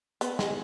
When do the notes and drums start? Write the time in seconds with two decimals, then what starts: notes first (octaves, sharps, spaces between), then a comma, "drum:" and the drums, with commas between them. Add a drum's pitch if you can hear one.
0.21 B3, drum: hi-hat
0.39 G#3, drum: snare